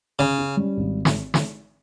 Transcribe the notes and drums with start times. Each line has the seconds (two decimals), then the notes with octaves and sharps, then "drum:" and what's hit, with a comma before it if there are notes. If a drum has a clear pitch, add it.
0.19 C#3 C#4
0.39 C#4
0.57 G3
0.77 G#1
1.05 drum: snare
1.34 drum: snare